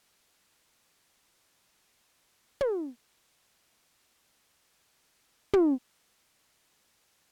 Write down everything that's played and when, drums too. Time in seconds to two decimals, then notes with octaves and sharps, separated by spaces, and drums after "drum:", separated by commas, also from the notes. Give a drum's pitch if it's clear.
0.22 G5
1.74 D4 D#4
2.25 A#5
2.61 drum: tom
3.78 D#4 G#4 C#5 F#5
4.60 G#4 D#5 A5
5.53 drum: tom
6.63 E2 G#2 F#3 A3 F4 G5